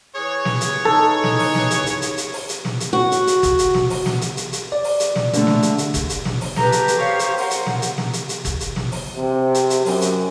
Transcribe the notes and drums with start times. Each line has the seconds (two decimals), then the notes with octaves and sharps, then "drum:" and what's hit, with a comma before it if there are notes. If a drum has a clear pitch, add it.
0.15 E3 G#4 C#5
0.45 drum: snare
0.61 drum: hi-hat
0.85 D#4 A4
1.24 drum: snare
1.39 drum: open hi-hat
1.55 drum: snare
1.71 drum: hi-hat
1.86 drum: hi-hat
2.02 drum: hi-hat
2.18 drum: hi-hat
2.33 drum: open hi-hat
2.49 drum: hi-hat
2.65 drum: snare
2.80 drum: hi-hat
2.93 F#4
3.12 drum: hi-hat
3.27 drum: hi-hat
3.43 drum: kick, hi-hat
3.59 drum: hi-hat
3.74 drum: snare
3.90 drum: open hi-hat
4.06 drum: snare
4.21 drum: hi-hat
4.37 drum: hi-hat
4.53 drum: hi-hat
4.72 D5
4.84 drum: open hi-hat
5.00 drum: hi-hat
5.16 drum: snare
5.33 D3 A3, drum: hi-hat
5.47 drum: snare
5.63 drum: hi-hat
5.78 drum: hi-hat
5.94 drum: kick, hi-hat
6.10 drum: hi-hat
6.25 drum: snare
6.41 drum: open hi-hat
6.56 G4 A4 B4 A#5, drum: snare
6.72 drum: hi-hat
6.88 drum: hi-hat
6.97 C5 C#5 F5
7.19 drum: hi-hat
7.38 A#4 F#5, drum: open hi-hat
7.51 drum: hi-hat
7.66 drum: snare
7.82 drum: hi-hat
7.98 drum: snare
8.13 drum: hi-hat
8.29 drum: hi-hat
8.45 drum: kick, hi-hat
8.60 drum: hi-hat
8.76 drum: snare
8.92 drum: open hi-hat
9.16 C3
9.54 drum: hi-hat
9.70 drum: hi-hat
9.86 F#2, drum: open hi-hat
10.02 drum: hi-hat